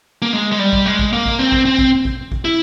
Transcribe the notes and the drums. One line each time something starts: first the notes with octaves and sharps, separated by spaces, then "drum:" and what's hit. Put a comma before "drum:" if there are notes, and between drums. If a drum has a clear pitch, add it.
A#3
G#3
G#3
G3
drum: kick
G#3
drum: kick
A#3
drum: kick
C4
drum: kick
C4
drum: kick
drum: kick
drum: kick
E4